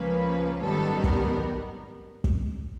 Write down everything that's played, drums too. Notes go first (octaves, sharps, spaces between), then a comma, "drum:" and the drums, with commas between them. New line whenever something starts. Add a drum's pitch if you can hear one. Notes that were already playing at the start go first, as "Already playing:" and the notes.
Already playing: C#2 C#3 F3 A#3 C#4 B4
G#1 F#2 D#3 G3 B3 A4
A#4, drum: kick
drum: kick